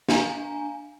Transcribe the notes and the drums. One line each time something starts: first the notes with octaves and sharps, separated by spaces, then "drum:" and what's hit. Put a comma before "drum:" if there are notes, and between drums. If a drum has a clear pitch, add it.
D4 F5 G#5 A#5, drum: snare